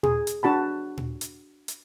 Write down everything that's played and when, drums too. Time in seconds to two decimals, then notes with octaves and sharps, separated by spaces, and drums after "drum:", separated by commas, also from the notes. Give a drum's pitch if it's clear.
0.03 G#4, drum: tom A#2
0.27 drum: hi-hat
0.43 D4 F#4 A5 B5
0.97 drum: tom A#2
1.21 drum: hi-hat
1.68 drum: hi-hat